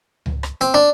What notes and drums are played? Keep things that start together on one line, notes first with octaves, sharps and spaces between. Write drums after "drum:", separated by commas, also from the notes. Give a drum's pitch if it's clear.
drum: tom C#2
drum: rim click
C4, drum: hi-hat
D4